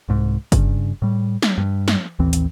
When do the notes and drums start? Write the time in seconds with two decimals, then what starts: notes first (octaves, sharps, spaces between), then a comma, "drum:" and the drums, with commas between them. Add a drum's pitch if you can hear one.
0.09 C2 G#2
0.52 G2 C#3, drum: kick F#1, hi-hat
1.02 A2 G3
1.42 drum: snare
1.58 G2
1.88 drum: snare
2.19 A1 D#2 E3 C4
2.33 drum: hi-hat